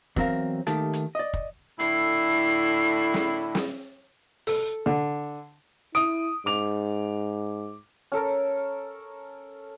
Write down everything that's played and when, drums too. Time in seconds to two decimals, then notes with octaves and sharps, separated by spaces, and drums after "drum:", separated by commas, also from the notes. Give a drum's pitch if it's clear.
0.16 E2 F#3 C4 A#4 F5, drum: kick
0.67 D#2 D#3 A3 G4 A5, drum: hi-hat
0.93 drum: hi-hat
1.15 D5 D#5
1.34 drum: kick
1.80 A2 D3 E4 C7, drum: hi-hat
3.14 drum: snare
3.55 drum: snare
4.47 A4, drum: open hi-hat
4.86 D3
5.95 E4 D#6 D7
6.46 G#2 D6 F7
8.12 C#4 A4 A#4